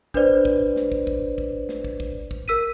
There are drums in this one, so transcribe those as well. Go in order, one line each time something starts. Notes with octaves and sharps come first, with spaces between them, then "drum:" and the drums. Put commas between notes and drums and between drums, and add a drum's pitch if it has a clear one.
D4 B4 C5 D5, drum: kick
drum: kick
drum: snare
drum: kick
drum: kick
drum: kick
drum: snare
drum: kick
drum: kick
drum: kick
A#4 E6 B6 D#7